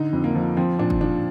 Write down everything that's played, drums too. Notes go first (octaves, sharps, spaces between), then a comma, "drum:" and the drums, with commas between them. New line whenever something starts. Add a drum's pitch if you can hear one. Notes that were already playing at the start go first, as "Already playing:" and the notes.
Already playing: D3 D#4
F2
A#3
F3
F3 C4
A#2 D4
drum: kick
F3 D4